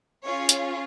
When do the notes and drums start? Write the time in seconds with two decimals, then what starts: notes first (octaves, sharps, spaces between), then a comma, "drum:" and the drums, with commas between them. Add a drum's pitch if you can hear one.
0.24 C#4 F4 G#4 C#5
0.49 drum: hi-hat